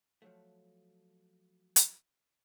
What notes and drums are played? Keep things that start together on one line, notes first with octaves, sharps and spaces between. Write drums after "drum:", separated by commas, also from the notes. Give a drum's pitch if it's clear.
F3 F#3 A3
drum: hi-hat